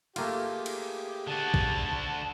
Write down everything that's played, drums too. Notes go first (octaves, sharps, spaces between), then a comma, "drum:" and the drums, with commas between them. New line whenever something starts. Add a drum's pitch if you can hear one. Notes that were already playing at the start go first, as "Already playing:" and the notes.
A3 A#3 F4 G4 G#4, drum: cymbal
drum: cymbal
D3 F#4 A5
drum: kick A#1